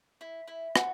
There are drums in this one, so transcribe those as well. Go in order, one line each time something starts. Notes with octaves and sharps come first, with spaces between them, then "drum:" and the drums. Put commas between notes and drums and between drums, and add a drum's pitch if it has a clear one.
E4
E4
F#4, drum: rim click